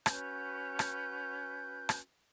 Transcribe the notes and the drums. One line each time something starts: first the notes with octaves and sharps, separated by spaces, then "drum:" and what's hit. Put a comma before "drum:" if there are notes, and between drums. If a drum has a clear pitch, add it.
C#4 F#4 B4 G6, drum: rim click
drum: rim click
drum: rim click